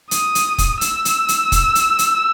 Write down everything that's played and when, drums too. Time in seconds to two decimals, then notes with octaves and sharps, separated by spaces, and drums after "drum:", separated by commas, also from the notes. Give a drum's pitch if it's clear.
0.11 D#6, drum: hi-hat
0.35 drum: hi-hat
0.58 drum: kick, hi-hat
0.81 E6, drum: hi-hat
1.05 drum: hi-hat
1.29 drum: hi-hat
1.52 drum: kick, hi-hat
1.75 drum: hi-hat
1.99 drum: hi-hat